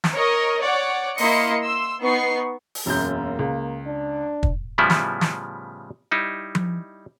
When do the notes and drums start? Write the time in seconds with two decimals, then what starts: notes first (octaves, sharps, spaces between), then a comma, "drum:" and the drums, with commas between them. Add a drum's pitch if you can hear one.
0.04 drum: snare
0.13 A#4 C#5 D#5
0.60 C#5 D5 F#5
1.18 A#3 E4 D#5 C6 C#7, drum: open hi-hat
1.63 C6 E6
2.02 B3 D#4 C#6 C7
2.75 drum: open hi-hat
2.86 E1 F#2 A#3 G6
3.39 C#2
3.86 D4
4.43 drum: kick
4.78 A2 C#3 F3 G3 B3 E4
4.90 drum: snare
5.21 drum: snare
6.11 G3 D#4 E4
6.55 drum: tom F3